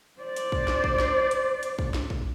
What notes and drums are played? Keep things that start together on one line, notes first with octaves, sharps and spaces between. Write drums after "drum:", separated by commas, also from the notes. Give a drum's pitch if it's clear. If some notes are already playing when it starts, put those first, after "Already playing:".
C5 D5
drum: hi-hat
drum: kick
drum: snare
drum: kick
drum: snare
drum: hi-hat
drum: hi-hat
drum: kick
drum: snare
drum: kick